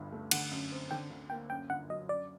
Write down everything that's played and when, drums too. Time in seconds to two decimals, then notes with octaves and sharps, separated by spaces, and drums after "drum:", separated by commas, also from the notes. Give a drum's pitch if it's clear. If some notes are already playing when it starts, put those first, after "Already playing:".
Already playing: G1 D2 G2
0.12 A3
0.31 D3 F#5, drum: cymbal
0.51 F#2
0.72 C4
0.91 D3 G5
1.10 D2
1.30 A#3 G5
1.50 F#2 G5
1.70 G1 F#5
1.90 F#3 D#5
2.09 F#2 D5